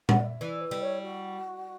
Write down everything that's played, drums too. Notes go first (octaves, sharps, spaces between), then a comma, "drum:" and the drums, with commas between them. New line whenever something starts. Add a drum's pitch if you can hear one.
F#5, drum: tom A#2
D5
E5
E3 D5
B4
G3
C#5
F#4